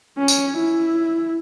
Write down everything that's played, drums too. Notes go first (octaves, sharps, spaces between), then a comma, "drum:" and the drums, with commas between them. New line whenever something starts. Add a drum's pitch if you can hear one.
C#4
drum: tambourine
E4